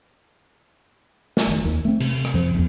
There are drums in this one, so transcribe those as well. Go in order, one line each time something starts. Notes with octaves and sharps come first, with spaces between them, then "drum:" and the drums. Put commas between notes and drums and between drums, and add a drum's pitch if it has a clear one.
drum: snare
F1 D#3
D#2
A3 C4
C3, drum: cymbal
drum: rim click
F2 F3
E1 E2